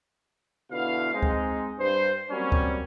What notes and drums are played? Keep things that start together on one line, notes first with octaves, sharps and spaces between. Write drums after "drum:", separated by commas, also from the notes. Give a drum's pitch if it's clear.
B2 D3 B3 E4 F5
G#3 C4 D#4
drum: kick C#2
G2 C5
F#3 G3 A#3 C4 C#4
drum: kick C#2